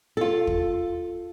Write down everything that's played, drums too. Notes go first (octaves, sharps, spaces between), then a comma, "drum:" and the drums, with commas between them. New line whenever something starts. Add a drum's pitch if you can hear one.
F4 A4
drum: kick